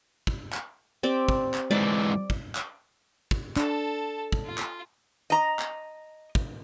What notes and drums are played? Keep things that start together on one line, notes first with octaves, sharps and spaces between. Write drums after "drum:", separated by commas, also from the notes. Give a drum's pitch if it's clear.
drum: kick
drum: clap
C4 G4 D5
drum: kick
drum: clap
G#2 E3 D5
drum: kick
drum: clap
drum: kick
D4 A4 A5, drum: clap
drum: kick
F4
drum: clap
D#5 A#5
drum: clap
drum: kick